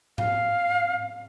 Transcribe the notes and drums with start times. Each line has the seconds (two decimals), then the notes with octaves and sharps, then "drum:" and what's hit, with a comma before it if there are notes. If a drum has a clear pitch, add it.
0.18 F5, drum: tom G#2